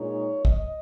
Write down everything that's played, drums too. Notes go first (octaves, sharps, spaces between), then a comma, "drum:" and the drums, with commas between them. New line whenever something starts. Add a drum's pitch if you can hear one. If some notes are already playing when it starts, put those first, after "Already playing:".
Already playing: A#2 G#3 D#4 C#5
D#5, drum: kick